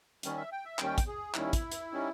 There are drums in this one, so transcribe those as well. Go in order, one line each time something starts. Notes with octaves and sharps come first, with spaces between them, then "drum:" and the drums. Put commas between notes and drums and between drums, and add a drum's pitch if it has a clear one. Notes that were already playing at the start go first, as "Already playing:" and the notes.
D#2 D#3 G3 C#4, drum: hi-hat
E5
G5
E5
D#2 D#3 G3 C#4 G5, drum: clap
drum: kick, hi-hat
G#4
D#2 D#3 G3 C#4 E4, drum: clap
drum: kick, hi-hat
drum: hi-hat
D#3 G3 C#4